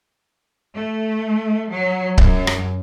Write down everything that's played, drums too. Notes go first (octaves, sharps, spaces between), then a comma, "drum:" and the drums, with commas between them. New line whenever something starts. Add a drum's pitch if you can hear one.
A3
F#3
F#2, drum: kick C#1
drum: rim click